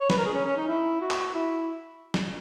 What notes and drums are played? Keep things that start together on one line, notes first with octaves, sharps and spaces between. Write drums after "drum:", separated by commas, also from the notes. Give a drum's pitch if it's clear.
C#5
B4, drum: snare
A#4
G#4
C#4
C#4
D#4
E4
F#4
drum: clap
E4
drum: snare